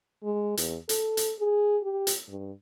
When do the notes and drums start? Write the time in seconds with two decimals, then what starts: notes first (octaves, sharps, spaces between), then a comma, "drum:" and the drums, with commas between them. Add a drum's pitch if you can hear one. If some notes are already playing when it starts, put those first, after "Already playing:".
0.23 G#3
0.57 E2, drum: hi-hat
0.89 A4, drum: hi-hat
1.17 drum: hi-hat
1.39 G#4
1.83 G4
2.07 drum: hi-hat
2.28 G2